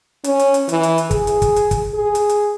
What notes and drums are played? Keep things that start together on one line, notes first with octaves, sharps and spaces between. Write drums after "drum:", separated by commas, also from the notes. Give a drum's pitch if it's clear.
C#4, drum: hi-hat
drum: hi-hat
drum: hi-hat
E3, drum: hi-hat
drum: hi-hat
drum: hi-hat
G#4, drum: kick, hi-hat
drum: hi-hat
drum: kick, hi-hat
drum: hi-hat
drum: kick, hi-hat
G#4
drum: hi-hat
drum: hi-hat